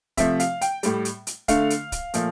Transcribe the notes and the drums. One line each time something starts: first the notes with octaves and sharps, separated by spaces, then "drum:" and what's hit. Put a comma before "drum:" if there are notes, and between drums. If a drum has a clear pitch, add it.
C3 F3 A3 E5, drum: kick, hi-hat
F5, drum: hi-hat
G5, drum: hi-hat
A2 G3, drum: hi-hat
drum: hi-hat
drum: hi-hat
D3 A3 F5, drum: kick, hi-hat
drum: hi-hat
drum: kick, hi-hat
A#2 F3 A3, drum: hi-hat